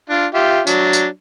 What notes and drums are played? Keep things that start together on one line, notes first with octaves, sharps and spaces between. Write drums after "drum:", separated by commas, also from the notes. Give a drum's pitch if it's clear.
D4 F4
F4 G4 E5
F#3 D4, drum: tambourine
drum: tambourine